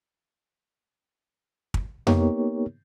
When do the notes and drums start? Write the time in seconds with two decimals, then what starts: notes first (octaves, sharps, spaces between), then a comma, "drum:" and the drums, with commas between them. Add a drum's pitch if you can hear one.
1.74 drum: kick
2.07 A#3 B3 D#4 G4 A#4 C#5, drum: tom F2